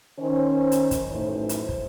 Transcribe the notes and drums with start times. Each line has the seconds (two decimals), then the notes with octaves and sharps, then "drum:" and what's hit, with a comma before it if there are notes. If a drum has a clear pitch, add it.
0.17 D#3 C#4 C5
0.72 drum: hi-hat
0.91 drum: kick, hi-hat
1.10 F#2 A2 E3 A3 D#4 C5
1.49 drum: hi-hat
1.69 drum: kick